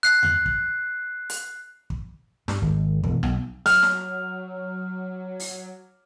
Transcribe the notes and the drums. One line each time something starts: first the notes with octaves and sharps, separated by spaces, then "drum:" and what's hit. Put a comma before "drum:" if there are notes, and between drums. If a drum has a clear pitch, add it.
F#6 C7
drum: tom E2
drum: kick
drum: hi-hat
drum: kick
G2, drum: snare
G#1
E1, drum: kick
B1, drum: rim click
F#3 F6, drum: open hi-hat
drum: snare
drum: open hi-hat